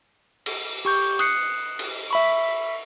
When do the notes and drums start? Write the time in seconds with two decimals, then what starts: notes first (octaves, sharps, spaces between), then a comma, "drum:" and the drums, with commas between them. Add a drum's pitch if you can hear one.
0.46 drum: cymbal
0.85 G4 C#6 G6
1.19 D#6 F#6 C7 C#7, drum: hi-hat
1.79 drum: cymbal
2.11 E5 B5 C#6